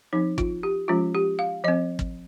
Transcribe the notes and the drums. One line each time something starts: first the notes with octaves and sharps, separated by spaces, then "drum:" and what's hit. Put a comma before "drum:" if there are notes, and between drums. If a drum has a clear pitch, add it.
F3 C4 D#4
F4, drum: kick
G4
F3 G#3 C#4 F4
G4
F5
F3 C4 D#5
drum: kick